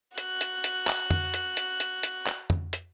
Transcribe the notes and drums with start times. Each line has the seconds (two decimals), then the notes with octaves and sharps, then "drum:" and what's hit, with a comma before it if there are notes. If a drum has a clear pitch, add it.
0.18 F#4 F#6, drum: hi-hat
0.41 drum: hi-hat
0.64 drum: hi-hat
0.87 drum: clap
1.10 drum: tom
1.34 drum: hi-hat
1.57 drum: hi-hat
1.80 drum: hi-hat
2.03 drum: hi-hat
2.27 drum: clap
2.50 drum: tom
2.73 drum: hi-hat